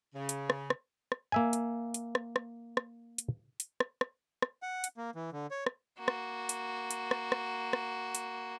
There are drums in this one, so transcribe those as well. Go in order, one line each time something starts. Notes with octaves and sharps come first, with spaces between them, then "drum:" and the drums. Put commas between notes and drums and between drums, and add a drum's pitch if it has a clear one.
C#3
drum: hi-hat
drum: rim click
drum: rim click
drum: rim click
A#3 E5 G#5
drum: hi-hat
drum: hi-hat
drum: rim click
drum: rim click
drum: rim click
drum: hi-hat
drum: hi-hat
drum: rim click
drum: rim click
drum: rim click
F#5
drum: hi-hat
A#3
E3
D3
C#5
drum: rim click
A#3 F#4
drum: rim click
drum: hi-hat
drum: hi-hat
drum: rim click
drum: rim click
drum: rim click
drum: hi-hat